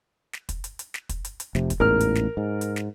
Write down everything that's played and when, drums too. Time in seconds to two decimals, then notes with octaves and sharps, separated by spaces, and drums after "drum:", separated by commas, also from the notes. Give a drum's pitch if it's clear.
0.33 drum: snare
0.49 drum: kick, hi-hat
0.64 drum: hi-hat
0.79 drum: hi-hat
0.94 drum: snare
1.09 drum: kick, hi-hat
1.25 drum: hi-hat
1.40 drum: hi-hat
1.55 F1 C3, drum: snare
1.70 drum: kick, hi-hat
1.80 A1 E2 G#2 A#4 F6
2.00 drum: hi-hat
2.16 drum: snare
2.37 G#2
2.61 drum: hi-hat
2.76 drum: snare